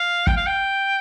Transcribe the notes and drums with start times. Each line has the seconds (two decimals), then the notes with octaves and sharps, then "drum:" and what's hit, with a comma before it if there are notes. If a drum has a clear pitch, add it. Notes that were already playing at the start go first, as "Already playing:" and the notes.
Already playing: F5
0.27 G5, drum: kick
0.37 F5
0.47 G5